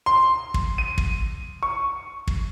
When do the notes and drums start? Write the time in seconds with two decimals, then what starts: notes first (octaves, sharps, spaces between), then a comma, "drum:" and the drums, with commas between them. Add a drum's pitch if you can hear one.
0.06 C6
0.54 drum: kick
0.78 D#7
0.98 drum: kick
1.63 C#6
2.27 drum: kick